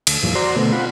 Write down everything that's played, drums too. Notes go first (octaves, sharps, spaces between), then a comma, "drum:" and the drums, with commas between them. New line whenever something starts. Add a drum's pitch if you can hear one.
D2, drum: cymbal
E2 G2 A#2 F3
F#4 C5 D5 A#5 C6
B2 D3 A3 B3
C4 F4 F#5 B5